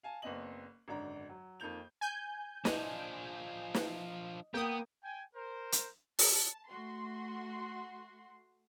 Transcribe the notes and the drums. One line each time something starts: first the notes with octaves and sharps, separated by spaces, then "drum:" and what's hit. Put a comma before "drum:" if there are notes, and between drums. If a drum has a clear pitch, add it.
F5 G#5 A5
F#1 B3 C4 D5 D#5 F#7
G#1 F#2 D3 D4 A#5
F#3
F2 D#3 A#3 G6 F7
G#5 G6
F3 D4 D#5 D#7, drum: snare
drum: snare
A#3 B3 G5 D#6
G5 G#5
A#4 C5
drum: hi-hat
A5, drum: open hi-hat
A3 F#4 C6